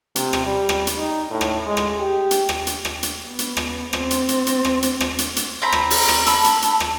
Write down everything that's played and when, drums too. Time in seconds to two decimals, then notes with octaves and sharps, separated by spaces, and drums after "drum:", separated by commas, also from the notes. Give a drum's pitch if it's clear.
0.16 C3, drum: hi-hat
0.33 drum: rim click
0.46 G3
0.69 drum: rim click
0.87 drum: hi-hat
0.97 D#4
1.31 A2
1.41 drum: rim click
1.66 G#3
1.77 drum: rim click
1.99 G4
2.31 drum: hi-hat
2.49 drum: rim click
2.67 drum: hi-hat
2.85 drum: rim click
3.03 drum: hi-hat
3.27 B3
3.39 drum: hi-hat
3.57 drum: rim click
3.93 C4, drum: rim click
4.11 drum: hi-hat
4.29 drum: hi-hat
4.47 drum: hi-hat
4.65 drum: rim click
4.83 drum: hi-hat
5.00 drum: rim click
5.18 drum: hi-hat
5.36 drum: hi-hat
5.62 C4 A#5 B5
5.72 drum: rim click
5.90 drum: open hi-hat
6.08 drum: rim click
6.26 A5 B5 E6, drum: hi-hat
6.44 drum: hi-hat
6.62 drum: hi-hat
6.80 drum: rim click